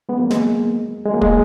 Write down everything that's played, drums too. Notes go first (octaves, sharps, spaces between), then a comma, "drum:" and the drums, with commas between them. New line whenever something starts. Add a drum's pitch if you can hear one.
G#3 B3
F#3 A#3
G#3, drum: snare
G#3
F#3 A#3
G#3, drum: kick